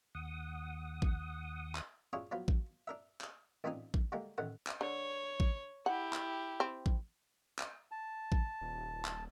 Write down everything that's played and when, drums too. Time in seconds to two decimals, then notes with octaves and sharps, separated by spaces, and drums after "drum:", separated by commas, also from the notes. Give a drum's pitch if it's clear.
0.15 D#2 F#5 D#6
1.02 drum: kick A1
1.75 drum: clap
2.13 C#4 D4 E4 F4 G#4 C#5
2.31 F3 F#3 B3 F4
2.48 drum: kick A1
2.87 D4 A#4 E5
3.21 drum: clap
3.64 A1 A#2 C4 D4 D#4 G#5
3.94 drum: kick A1
4.12 D3 G3 G#3 A#3
4.38 A1 A2 D#3 F#5
4.67 drum: clap
4.81 D3 C#5
5.40 drum: kick A1
5.86 E4 G4 F#5
6.13 drum: clap
6.60 C4
6.86 drum: kick A1
7.59 drum: clap
7.91 A5
8.32 drum: kick A1
8.61 D#1
9.05 drum: clap